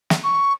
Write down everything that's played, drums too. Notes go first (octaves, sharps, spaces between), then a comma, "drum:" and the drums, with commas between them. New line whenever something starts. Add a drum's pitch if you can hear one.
drum: snare
C#6